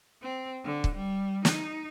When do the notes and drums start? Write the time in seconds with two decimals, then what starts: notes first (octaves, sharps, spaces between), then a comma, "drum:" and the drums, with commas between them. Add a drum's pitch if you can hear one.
0.22 C4
0.64 D3
0.84 drum: kick
0.95 G3
1.45 D#4, drum: snare